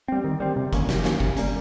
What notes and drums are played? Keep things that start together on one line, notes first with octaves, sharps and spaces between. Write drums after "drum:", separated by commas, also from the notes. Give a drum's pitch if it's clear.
G3 C4
D#3
G3 C4
C3
D#3 A#3 C#4, drum: kick F#1, hi-hat
C3, drum: snare
D#3 A#3 C#4, drum: snare
C3, drum: kick F#1
G3 A#3 C#4, drum: hi-hat